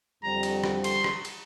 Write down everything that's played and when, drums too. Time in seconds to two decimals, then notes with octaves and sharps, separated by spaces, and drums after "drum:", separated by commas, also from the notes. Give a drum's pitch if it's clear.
0.22 F2 D3 G3 C4 A#5
0.43 drum: cymbal
0.64 drum: rim click
0.84 C6, drum: cymbal
1.04 drum: rim click
1.25 drum: cymbal